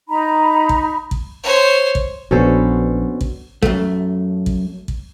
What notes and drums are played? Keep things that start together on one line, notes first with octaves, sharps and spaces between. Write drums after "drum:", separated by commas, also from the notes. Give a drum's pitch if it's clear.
D#4 A#5 B5
drum: kick A1
drum: kick A1
C5 C#5
drum: kick A1
A#1 B3 C#4 D4 F#4 A4 C5
drum: kick A1
F#2 A3, drum: kick A1
drum: kick A1
drum: kick A1